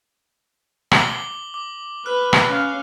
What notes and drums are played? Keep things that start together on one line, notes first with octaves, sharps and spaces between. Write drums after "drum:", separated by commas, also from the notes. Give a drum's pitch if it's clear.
D6 F#7 G7, drum: rim click
D6
B4 F6 F#6
drum: rim click
C#4 F5